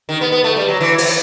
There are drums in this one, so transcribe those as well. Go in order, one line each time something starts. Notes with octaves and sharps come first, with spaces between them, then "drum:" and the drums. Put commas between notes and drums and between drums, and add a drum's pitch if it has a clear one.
D#3
B3
B3
A3
G3
F#3
E3
drum: open hi-hat